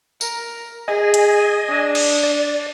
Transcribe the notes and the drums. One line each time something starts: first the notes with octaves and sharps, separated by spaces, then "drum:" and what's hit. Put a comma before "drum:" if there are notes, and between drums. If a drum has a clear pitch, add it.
A#4, drum: tambourine
G#4 D#5 G#5
drum: hi-hat
D4
drum: cymbal
D5